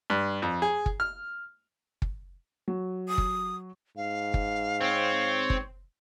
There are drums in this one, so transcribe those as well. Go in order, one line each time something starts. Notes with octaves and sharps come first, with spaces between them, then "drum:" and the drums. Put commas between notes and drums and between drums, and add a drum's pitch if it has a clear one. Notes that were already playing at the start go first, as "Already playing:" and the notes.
G2
F2
G#4
drum: kick
F6
drum: kick
F#3
D#6
drum: kick
G#2 F5
drum: kick
C4 C#5
drum: kick